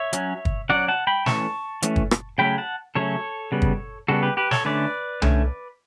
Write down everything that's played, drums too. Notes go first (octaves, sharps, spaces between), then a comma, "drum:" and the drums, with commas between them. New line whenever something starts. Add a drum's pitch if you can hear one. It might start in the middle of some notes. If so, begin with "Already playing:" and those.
Already playing: C#5 E5
F#3 C#4, drum: hi-hat
drum: kick
F#3 C#4 D5 F#5
F#5 A5
G5 B5
E3 A3 C#4 A5 C#6, drum: snare
E3 A3 C#4, drum: hi-hat
drum: kick
drum: rim click
C#3 F#3 A3 C#4 G5 B5
F#5 A5
C#3 F#3 A3 C#4 A4 C#5
C#3 G3 B3
drum: kick
C#3 G3 B3 F#4 A4
G4 B4
G4 B4
A4 C#5, drum: snare
D3 A3 C#4 B4 D5
D3 A3 C#4, drum: tom C2